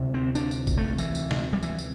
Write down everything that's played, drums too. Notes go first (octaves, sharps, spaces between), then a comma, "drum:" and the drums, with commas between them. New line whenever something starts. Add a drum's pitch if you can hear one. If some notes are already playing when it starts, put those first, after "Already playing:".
Already playing: D2 C3
C4
D4, drum: tambourine
drum: tambourine
drum: kick G#1, tambourine
A3
E3, drum: tambourine
drum: tambourine
drum: snare
G3
E3, drum: tambourine
drum: tambourine